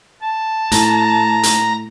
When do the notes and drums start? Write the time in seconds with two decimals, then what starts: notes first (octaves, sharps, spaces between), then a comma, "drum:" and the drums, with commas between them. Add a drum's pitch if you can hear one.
0.22 A5
0.72 A2 A#5, drum: hi-hat
1.43 drum: hi-hat